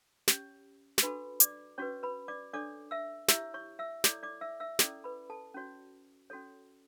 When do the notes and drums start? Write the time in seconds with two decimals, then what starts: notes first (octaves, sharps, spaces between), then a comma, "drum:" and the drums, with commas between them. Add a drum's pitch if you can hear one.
0.28 C#4 G4 C#5, drum: snare
0.98 C#6, drum: snare
1.02 D4 F#4 A4 B4 B5
1.40 D5 D6, drum: hi-hat
1.78 C#4 F#4 B4 C#5 C#6
2.03 B4 B5
2.28 D5 D6
2.53 D4 A4 C#5 D5 D6
2.91 E5 E6
3.28 E4 G4 C#5 E5 E6, drum: snare
3.54 C#5 C#6
3.79 E5 E6
4.04 E4 A4 C#5 D5 D6, drum: snare
4.23 D5 D6
4.41 E5 E6
4.60 E5 E6
4.79 C#4 E4 A4 D5 D6, drum: snare
5.04 B4 B5
5.30 A4 A5
5.54 C#4 F#4 C#5
6.30 C#4 F#4 A4 C#5